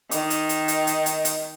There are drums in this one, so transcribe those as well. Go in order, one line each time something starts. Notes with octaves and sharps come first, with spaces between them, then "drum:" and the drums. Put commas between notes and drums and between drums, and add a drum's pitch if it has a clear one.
D#3, drum: hi-hat
drum: hi-hat
drum: hi-hat
drum: hi-hat
drum: hi-hat
drum: hi-hat
drum: hi-hat